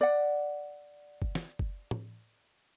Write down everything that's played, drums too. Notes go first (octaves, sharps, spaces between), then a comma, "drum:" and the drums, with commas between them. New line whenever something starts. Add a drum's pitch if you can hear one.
D5 F#5
drum: kick F#1
drum: snare
drum: kick F#1
drum: tom